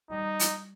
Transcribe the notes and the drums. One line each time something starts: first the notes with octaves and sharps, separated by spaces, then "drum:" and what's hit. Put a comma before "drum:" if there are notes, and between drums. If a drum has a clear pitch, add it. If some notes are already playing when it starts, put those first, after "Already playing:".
G3 D#4
drum: hi-hat